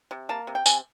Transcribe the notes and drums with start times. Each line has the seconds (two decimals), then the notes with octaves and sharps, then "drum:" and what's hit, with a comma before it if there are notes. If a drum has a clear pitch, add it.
0.11 C3
0.29 A#3 A5
0.47 C3
0.55 G5
0.66 C3 G#5, drum: tambourine